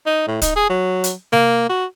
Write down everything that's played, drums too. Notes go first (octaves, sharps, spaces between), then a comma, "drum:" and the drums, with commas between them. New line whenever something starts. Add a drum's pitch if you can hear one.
D#4
A2
D#4, drum: kick, hi-hat
G#4
F#3
drum: hi-hat
A#3, drum: tom C3
F#4